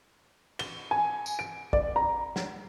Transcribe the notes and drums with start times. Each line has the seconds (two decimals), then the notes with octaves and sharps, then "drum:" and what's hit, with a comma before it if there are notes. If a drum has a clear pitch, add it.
0.59 G7, drum: cymbal
0.91 G#5
1.26 drum: tambourine
1.39 D7
1.73 D5, drum: kick
1.96 A#5
2.36 drum: snare